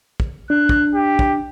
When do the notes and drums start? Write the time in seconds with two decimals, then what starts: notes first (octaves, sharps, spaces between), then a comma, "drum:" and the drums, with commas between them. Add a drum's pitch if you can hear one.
0.20 drum: kick
0.50 D4 F#6
0.69 drum: kick
0.94 G4
1.19 drum: kick